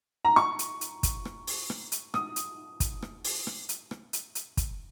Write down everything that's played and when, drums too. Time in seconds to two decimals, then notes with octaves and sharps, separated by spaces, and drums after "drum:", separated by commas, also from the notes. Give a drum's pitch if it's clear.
0.25 A#5
0.36 C#6, drum: rim click
0.59 drum: hi-hat
0.81 drum: hi-hat
1.03 drum: kick, hi-hat
1.25 drum: rim click
1.47 drum: open hi-hat
1.70 drum: rim click
1.92 drum: hi-hat
2.14 D#6, drum: rim click
2.36 drum: hi-hat
2.80 drum: kick, hi-hat
3.02 drum: rim click
3.25 drum: open hi-hat
3.47 drum: rim click
3.69 drum: hi-hat
3.91 drum: rim click
4.13 drum: hi-hat
4.35 drum: hi-hat
4.57 drum: kick, hi-hat